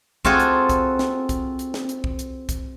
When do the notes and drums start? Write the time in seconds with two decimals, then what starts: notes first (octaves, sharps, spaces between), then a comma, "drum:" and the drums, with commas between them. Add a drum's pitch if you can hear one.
0.25 C4 F4 F#4 G#4 A4, drum: kick
0.40 drum: hi-hat
0.69 drum: kick, hi-hat
0.99 drum: snare
1.29 drum: kick, hi-hat
1.59 drum: hi-hat
1.74 drum: snare
1.89 drum: hi-hat
2.04 drum: kick
2.19 drum: hi-hat
2.49 drum: kick, hi-hat